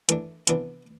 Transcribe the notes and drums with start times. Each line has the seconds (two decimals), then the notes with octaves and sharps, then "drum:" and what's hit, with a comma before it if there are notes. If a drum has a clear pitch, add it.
0.09 E3 A3 D4, drum: hi-hat
0.47 C3 E3 B3 D4, drum: hi-hat